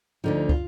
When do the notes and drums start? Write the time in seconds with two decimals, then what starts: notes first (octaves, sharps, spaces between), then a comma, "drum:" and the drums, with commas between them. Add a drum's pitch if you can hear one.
0.24 D2 D3 F3 D#4
0.49 F4, drum: kick